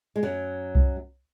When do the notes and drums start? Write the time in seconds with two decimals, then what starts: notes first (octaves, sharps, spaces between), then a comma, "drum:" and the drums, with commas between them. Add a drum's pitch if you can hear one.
0.16 G#3
0.23 F#2 F#3
0.75 drum: kick C2